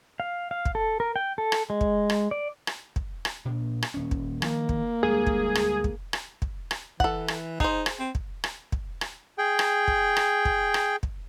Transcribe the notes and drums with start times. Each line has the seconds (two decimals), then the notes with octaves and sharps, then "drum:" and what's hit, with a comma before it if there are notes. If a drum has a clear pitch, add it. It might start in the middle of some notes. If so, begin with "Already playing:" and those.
0.20 F5
0.51 F5
0.65 drum: kick
0.75 A4
1.00 A#4
1.16 G5
1.38 A4
1.52 drum: rim click
1.70 G#3
1.81 drum: kick
2.10 drum: rim click
2.31 D5
2.67 drum: rim click
2.96 drum: kick
3.25 drum: rim click
3.45 A#2 D4
3.82 drum: rim click
3.94 D#1 C#4
4.11 drum: kick
4.42 D#3 F3 A#3, drum: rim click
4.69 drum: kick
5.03 D2 G3 G#3 G#4
5.27 drum: kick
5.55 drum: rim click
5.84 drum: kick
6.13 drum: rim click
6.42 drum: kick
6.71 drum: rim click
7.00 E3 A4 F#5, drum: kick
7.28 drum: rim click
7.60 D#4 G#4 C5, drum: kick
7.86 drum: rim click
8.00 C4
8.15 drum: kick
8.44 drum: rim click
8.72 drum: kick
9.01 drum: rim click
9.38 G#4 G5
9.59 drum: rim click
9.88 drum: kick
10.16 drum: rim click
10.45 drum: kick
10.74 drum: rim click
11.03 drum: kick